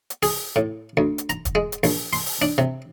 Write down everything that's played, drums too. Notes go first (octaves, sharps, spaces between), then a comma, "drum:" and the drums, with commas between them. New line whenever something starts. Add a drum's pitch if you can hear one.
drum: hi-hat
G#4, drum: open hi-hat
A2
D2
drum: hi-hat
A#5, drum: hi-hat
drum: kick, hi-hat
G#3
drum: hi-hat
A#1, drum: open hi-hat
C6, drum: open hi-hat
drum: open hi-hat
D4
C3